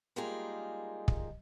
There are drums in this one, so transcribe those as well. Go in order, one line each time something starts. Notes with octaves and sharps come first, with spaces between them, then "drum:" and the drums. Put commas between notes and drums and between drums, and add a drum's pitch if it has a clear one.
G3 G#3 A#3 D#4 F4 G#4
drum: kick